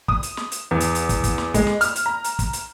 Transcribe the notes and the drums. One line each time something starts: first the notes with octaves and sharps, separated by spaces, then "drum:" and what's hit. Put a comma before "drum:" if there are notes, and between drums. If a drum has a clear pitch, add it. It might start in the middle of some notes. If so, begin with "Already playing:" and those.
D#6, drum: kick
drum: hi-hat
drum: snare
drum: hi-hat
E2
drum: hi-hat
drum: hi-hat
drum: kick, hi-hat
drum: kick, hi-hat
drum: snare
G#3, drum: kick, hi-hat
drum: snare
F6, drum: hi-hat
drum: hi-hat
A#5
drum: hi-hat
drum: kick, hi-hat
drum: hi-hat